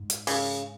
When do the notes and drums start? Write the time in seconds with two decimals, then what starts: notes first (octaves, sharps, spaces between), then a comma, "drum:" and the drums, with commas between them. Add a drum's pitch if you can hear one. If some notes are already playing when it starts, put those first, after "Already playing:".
Already playing: G#2
0.10 drum: hi-hat
0.27 C#3, drum: open hi-hat